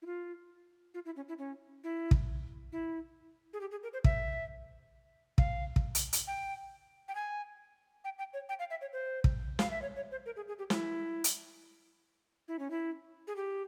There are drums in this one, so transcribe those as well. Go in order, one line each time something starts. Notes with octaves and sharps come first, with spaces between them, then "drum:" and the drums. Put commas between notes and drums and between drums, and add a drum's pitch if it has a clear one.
E4
F4
F4
E4
C#4
E4
C#4
E4
drum: kick
E4
G#4
G4
G#4
A#4
C5
E5, drum: kick
F5, drum: kick
drum: kick
drum: hi-hat
drum: hi-hat
G5
G5
G#5
G5
G5
C#5
G5
F5
E5
C#5
C5
drum: kick
F5, drum: snare
E5
C#5
C#5
C5
A#4
G#4
G#4
G4
E4, drum: snare
drum: hi-hat
E4
C#4
E4
G#4
G4